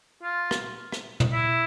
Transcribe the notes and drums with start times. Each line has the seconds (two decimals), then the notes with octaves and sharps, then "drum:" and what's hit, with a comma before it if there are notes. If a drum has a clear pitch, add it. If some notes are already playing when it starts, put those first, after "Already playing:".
0.23 F4
0.51 drum: rim click
0.92 drum: rim click
1.20 drum: tom
1.34 E4